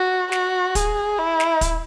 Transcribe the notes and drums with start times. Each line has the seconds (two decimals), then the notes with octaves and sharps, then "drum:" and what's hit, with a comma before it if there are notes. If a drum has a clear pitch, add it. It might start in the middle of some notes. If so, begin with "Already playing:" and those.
Already playing: F#4
0.32 F#4, drum: snare
0.75 G#4, drum: kick, hi-hat
1.18 E4
1.40 drum: snare
1.61 drum: kick, hi-hat